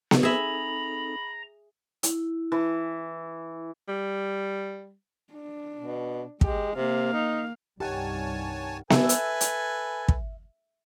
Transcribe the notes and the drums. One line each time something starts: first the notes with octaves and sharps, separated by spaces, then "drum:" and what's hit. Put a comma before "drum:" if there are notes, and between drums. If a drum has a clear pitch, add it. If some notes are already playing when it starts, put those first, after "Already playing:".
drum: snare B3
C4 D#4 G#4 A4 E5 A#5 B5
E4, drum: hi-hat
E3
G3
D4
B2
G#3 G4, drum: kick
C3 A#3 F5
D#4
C2 G2 D#3 G4 C#5 F#5 G#5 A5
A4 B4 E5 G#5, drum: snare B3
drum: hi-hat
drum: hi-hat
drum: kick